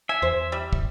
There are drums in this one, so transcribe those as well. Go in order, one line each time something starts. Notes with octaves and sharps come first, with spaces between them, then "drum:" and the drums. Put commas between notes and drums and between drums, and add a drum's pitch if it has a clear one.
E5 G#5
E2 C5
G3
drum: kick